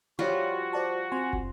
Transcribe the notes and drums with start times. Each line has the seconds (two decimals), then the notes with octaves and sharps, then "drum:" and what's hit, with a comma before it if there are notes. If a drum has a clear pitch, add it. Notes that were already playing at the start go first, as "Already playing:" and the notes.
0.19 F3 G3 F4 F#4 C#5 D5 F5
0.73 C5 D5 A5
1.12 C4 G#5 C6
1.33 drum: kick